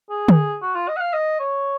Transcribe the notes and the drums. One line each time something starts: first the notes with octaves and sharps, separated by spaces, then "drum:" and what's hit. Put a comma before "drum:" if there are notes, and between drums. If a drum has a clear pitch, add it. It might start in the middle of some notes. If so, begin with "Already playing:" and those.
G#4
drum: tom D3
F#4
F4
D#5
F#5
F5
D#5
C#5